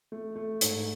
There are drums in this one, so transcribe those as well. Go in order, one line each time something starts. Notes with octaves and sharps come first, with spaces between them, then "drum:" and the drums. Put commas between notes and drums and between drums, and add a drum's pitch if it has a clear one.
A3
A3
G#2, drum: hi-hat